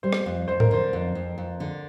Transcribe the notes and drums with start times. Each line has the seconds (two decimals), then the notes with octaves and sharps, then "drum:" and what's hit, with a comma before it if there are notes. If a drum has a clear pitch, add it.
0.03 G3 C5
0.13 drum: rim click
0.26 F2
0.48 F2 C5
0.60 A#4, drum: tom A2
0.71 D3 C5
0.93 F2
1.15 F2
1.38 F2
1.60 D3